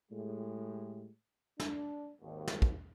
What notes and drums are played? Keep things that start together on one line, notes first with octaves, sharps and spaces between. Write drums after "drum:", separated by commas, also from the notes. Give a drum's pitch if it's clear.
A2 G#3 G4
D4, drum: snare
G#1 D#2
drum: snare
drum: kick